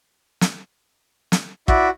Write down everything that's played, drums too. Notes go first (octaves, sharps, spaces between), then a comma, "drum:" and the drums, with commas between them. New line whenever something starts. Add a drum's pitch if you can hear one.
drum: snare
drum: snare
E4 F#4 D5 E5, drum: kick